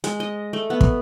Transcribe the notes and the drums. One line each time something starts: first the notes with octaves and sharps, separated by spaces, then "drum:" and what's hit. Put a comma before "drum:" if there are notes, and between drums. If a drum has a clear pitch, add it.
G#3, drum: hi-hat
D#5
A3
B3
drum: kick